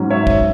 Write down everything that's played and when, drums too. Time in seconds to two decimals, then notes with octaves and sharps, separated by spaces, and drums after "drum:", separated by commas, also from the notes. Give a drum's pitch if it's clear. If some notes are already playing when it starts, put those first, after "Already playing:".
Already playing: G#2 F#3 C#4
0.10 C#5 E5
0.27 drum: kick